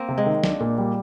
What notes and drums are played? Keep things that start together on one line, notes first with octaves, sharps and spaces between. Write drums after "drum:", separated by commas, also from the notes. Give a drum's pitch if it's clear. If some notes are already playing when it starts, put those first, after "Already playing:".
Already playing: A#3 C4
C3
G#3
D#3
D4, drum: snare
A#2
G3